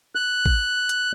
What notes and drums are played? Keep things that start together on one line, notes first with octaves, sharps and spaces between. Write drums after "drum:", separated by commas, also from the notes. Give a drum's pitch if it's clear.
F#6
drum: kick
drum: hi-hat